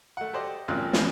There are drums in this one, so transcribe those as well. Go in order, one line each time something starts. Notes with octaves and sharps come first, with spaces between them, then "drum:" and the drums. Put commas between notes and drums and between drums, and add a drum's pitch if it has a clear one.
A3 F#5
G4 A4 C5 D5 D#5
G#1 C#2 A#2 C4 F6 F#6
G#1 D#2 C#3 E3 F3, drum: snare